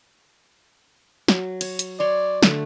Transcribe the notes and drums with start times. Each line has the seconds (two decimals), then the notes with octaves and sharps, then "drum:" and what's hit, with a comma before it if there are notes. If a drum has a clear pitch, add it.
1.28 F#3, drum: snare
1.61 C#5, drum: cymbal
1.79 drum: hi-hat
2.00 C#5 D5 C6
2.43 D3 A3, drum: snare